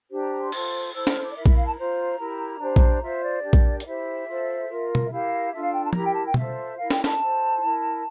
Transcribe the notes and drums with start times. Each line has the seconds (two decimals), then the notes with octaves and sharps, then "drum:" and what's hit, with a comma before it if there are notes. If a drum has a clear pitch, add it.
0.10 D4 G4 C5
0.21 A#5
0.31 A#5
0.42 C6
0.52 F4 A4 C5, drum: cymbal
0.93 E4 A4 C5 E6
1.07 F6, drum: snare
1.21 D6
1.30 D5
1.34 E4 A#4 E5
1.46 E5, drum: kick A#1
1.55 F5
1.66 A5
1.77 F4 C5 A#5
2.18 E4 G4 A#4
2.60 D4 G4 C5
2.76 drum: kick A#1
3.01 F4 C5 E5
3.22 D5
3.43 D4 G4 A#4
3.53 drum: kick A#1
3.80 D5, drum: hi-hat
3.85 E4 G4 C5 E5
4.27 F4 A4 C5
4.68 F4 A#4
4.95 drum: tom B2
5.05 E5
5.10 E4 G4 A#4 F5
5.52 D4 F4 A4 E5
5.62 F5
5.73 G5
5.83 A5
5.93 E4 G4 A#4 A#5, drum: tom F3
6.04 G5
6.14 A5
6.25 G5
6.34 F4 A4 C5 E5, drum: tom B2
6.77 E4 A#4 F5
6.90 G5, drum: snare
7.04 A5, drum: snare
7.19 F4 A4 C5
7.60 E4 A#4